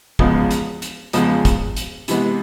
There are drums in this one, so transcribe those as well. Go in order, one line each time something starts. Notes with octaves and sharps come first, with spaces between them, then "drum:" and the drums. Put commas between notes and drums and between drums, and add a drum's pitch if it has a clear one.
E2 C#3 F3 G#3 B3, drum: kick
drum: hi-hat
drum: hi-hat
E2 C#3 F3 G#3 B3, drum: hi-hat
drum: kick, hi-hat
drum: hi-hat
C3 E3 G#3 B3, drum: hi-hat